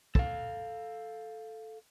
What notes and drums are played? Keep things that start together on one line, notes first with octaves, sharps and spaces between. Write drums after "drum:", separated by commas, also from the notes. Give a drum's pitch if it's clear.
A4 F5, drum: kick